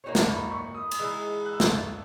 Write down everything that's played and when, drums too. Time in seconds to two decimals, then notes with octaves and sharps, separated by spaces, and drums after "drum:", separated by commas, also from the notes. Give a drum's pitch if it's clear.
0.04 A#3 D#4 F#4 C#5
0.15 drum: snare
0.27 B5
0.51 C#6
0.75 D#6
0.91 D#6, drum: cymbal
0.98 E3 G#3 D#4 E6
1.46 F#6
1.53 E6
1.60 F#6, drum: snare